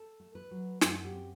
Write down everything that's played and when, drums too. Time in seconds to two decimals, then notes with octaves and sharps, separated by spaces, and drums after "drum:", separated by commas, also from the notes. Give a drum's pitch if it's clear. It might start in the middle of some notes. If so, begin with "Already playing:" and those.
Already playing: A4
0.20 A3
0.35 B4
0.51 F#3
0.81 F#2 A4, drum: snare
1.04 G4
1.13 C4